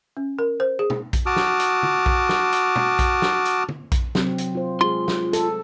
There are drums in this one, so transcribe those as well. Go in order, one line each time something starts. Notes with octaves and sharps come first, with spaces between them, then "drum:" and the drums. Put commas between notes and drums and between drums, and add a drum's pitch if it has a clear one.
C#4
A#4
C5
G#4
drum: tom
drum: kick A#1, hi-hat
F#4 A5 D6 D#6 F6
drum: snare
drum: hi-hat
drum: tom
drum: kick A#1
drum: snare
drum: hi-hat
drum: tom
drum: kick A#1, hi-hat
drum: snare
drum: hi-hat
drum: tom
drum: kick A#1, hi-hat
C3 F#3 C4, drum: snare
drum: hi-hat
F4 C5
G#3 F4 G#4 C6
drum: snare
A4, drum: hi-hat